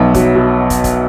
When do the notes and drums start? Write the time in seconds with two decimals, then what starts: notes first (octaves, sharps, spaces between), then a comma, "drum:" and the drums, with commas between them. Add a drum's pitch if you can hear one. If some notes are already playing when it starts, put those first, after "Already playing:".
Already playing: B1 B3 E5
0.15 F#3, drum: kick, hi-hat
0.35 B2
0.70 drum: kick, hi-hat
0.84 drum: kick, hi-hat